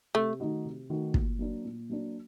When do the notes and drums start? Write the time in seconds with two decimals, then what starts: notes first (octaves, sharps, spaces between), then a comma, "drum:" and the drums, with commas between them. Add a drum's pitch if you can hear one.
0.15 C3 A3
0.40 D#3 A3 D#4 F#4
0.65 C3
0.90 D#3 A3 D#4 F#4
1.14 A#2, drum: kick
1.39 F#3 A#3 D4
1.65 A#2
1.90 F#3 A#3 D4